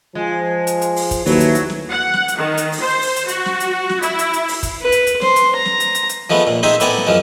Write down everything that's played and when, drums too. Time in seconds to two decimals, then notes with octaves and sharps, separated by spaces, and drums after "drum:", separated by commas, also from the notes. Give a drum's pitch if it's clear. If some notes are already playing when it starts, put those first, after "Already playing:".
0.15 F3 G#3
0.67 drum: hi-hat
0.82 drum: hi-hat
0.96 drum: open hi-hat
1.11 drum: kick, hi-hat
1.26 D#2 F#3 A3 E4 B4, drum: open hi-hat
1.40 drum: hi-hat
1.55 drum: hi-hat
1.70 drum: snare
1.91 F#5
2.14 drum: snare
2.28 drum: hi-hat
2.38 D#3
2.58 drum: hi-hat
2.72 drum: open hi-hat
2.81 C5
3.02 drum: open hi-hat
3.16 drum: hi-hat
3.28 F#4, drum: hi-hat
3.45 drum: snare
3.60 drum: hi-hat
3.89 drum: snare
4.02 E4, drum: hi-hat
4.19 drum: hi-hat
4.33 drum: hi-hat
4.48 drum: open hi-hat
4.63 drum: kick, hi-hat
4.82 B4
4.92 drum: hi-hat
5.07 drum: hi-hat
5.21 C5, drum: snare
5.36 drum: hi-hat
5.55 A#5
5.65 drum: snare
5.80 drum: hi-hat
5.95 drum: hi-hat
6.09 drum: hi-hat
6.30 F3 G#3 A3 B3
6.47 A#2
6.63 G#3 C4 D#4 G#4 C5 E5
6.80 A2 B3 C4 D5 G#5, drum: hi-hat
6.97 drum: snare
7.07 F#2 F3 G#3